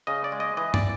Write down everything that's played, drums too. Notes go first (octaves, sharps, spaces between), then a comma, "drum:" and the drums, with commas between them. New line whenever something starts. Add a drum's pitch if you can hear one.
C#3 D#5
D5
G#3
D#5
E3 D#5
D5, drum: tom